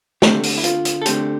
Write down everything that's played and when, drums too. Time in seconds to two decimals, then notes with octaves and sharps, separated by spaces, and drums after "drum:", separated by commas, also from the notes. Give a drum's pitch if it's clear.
0.22 D2 D3 A3 C4 G4, drum: snare
0.43 drum: open hi-hat
0.58 E4
0.64 F4, drum: hi-hat
0.85 drum: hi-hat
1.02 A4
1.06 D2 D3 A3 C4 G4, drum: hi-hat